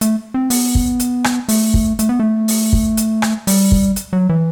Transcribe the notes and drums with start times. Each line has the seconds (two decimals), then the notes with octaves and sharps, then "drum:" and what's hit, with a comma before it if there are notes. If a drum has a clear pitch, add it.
0.01 A3, drum: hi-hat
0.34 C4
0.50 B3, drum: open hi-hat
0.75 drum: kick
1.00 drum: hi-hat
1.24 drum: rim click
1.49 A3, drum: open hi-hat
1.74 drum: kick
1.99 A3, drum: hi-hat
2.09 B3
2.20 A3
2.48 drum: open hi-hat
2.73 drum: kick
2.97 drum: hi-hat
3.22 drum: rim click
3.47 G3, drum: open hi-hat
3.72 drum: kick
3.96 drum: hi-hat
4.13 F#3
4.29 E3